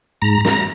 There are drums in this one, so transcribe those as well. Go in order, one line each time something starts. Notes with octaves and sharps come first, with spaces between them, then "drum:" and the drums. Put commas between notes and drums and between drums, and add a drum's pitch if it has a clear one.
G#2 A#5
A#5, drum: snare